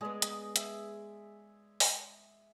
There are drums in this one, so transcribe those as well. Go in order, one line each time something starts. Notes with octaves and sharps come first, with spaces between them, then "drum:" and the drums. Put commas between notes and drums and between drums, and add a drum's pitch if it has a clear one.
G#3 B3 G#4 D5 D#5
drum: hi-hat
E5, drum: hi-hat
drum: open hi-hat